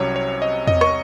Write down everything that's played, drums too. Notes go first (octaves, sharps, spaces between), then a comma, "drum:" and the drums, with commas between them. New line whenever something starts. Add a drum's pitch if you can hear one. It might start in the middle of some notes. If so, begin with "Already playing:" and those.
Already playing: C2 C3 F#3 C#4 C#5
C#5
D#5
D#5, drum: tom E2
C#6, drum: rim click